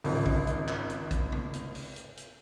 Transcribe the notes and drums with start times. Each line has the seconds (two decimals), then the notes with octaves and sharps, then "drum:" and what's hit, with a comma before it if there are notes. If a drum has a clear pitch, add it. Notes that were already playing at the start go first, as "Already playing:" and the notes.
0.04 G#1 C#2, drum: open hi-hat
0.26 drum: kick
0.47 drum: hi-hat
0.68 drum: clap
0.90 drum: hi-hat
1.11 drum: kick, hi-hat
1.32 drum: tom C3
1.53 drum: hi-hat
1.75 drum: open hi-hat
1.96 drum: hi-hat
2.17 drum: hi-hat